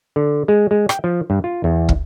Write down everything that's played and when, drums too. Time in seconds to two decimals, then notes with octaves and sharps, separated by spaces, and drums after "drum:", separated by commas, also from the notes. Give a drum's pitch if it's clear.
0.16 D3
0.48 G#3
0.71 G#3
0.89 G5, drum: rim click
1.04 F3
1.30 G2
1.44 F4
1.64 E2
1.89 drum: kick